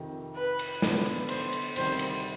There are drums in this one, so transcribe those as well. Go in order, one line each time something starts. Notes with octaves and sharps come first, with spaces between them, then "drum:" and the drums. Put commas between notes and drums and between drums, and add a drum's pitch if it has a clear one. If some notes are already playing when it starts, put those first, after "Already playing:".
Already playing: F2 C3 D#3
B4
drum: cymbal
D3 F3 B3 D4, drum: snare
drum: cymbal
C5, drum: cymbal
drum: cymbal
D2 C3 D#3 G3 C5, drum: cymbal
drum: cymbal